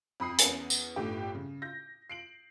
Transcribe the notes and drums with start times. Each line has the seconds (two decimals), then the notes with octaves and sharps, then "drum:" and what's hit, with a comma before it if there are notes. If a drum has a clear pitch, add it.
0.20 F2 B5 D#6 C7
0.39 E2 B3 C#4, drum: hi-hat
0.70 drum: tambourine
0.96 G1 A2 D3 G4
1.35 C#3
1.62 G6 A#6
2.10 C7 D7 F#7